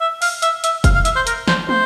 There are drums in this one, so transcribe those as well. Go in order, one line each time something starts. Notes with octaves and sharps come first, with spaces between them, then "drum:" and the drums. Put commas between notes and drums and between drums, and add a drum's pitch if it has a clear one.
E5
F5, drum: open hi-hat
E5, drum: hi-hat
E5, drum: hi-hat
F5, drum: kick F1, hi-hat
F5
E5, drum: hi-hat
C5
A#4, drum: hi-hat
C5, drum: snare
C5, drum: tom